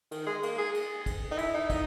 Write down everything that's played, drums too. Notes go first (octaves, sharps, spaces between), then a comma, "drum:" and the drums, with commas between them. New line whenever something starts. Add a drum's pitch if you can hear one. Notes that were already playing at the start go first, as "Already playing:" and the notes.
D#3, drum: cymbal
G#3
A#3, drum: cymbal
G#4
drum: cymbal
drum: kick, cymbal
D#4
E4, drum: cymbal
D#4
D#4, drum: kick, cymbal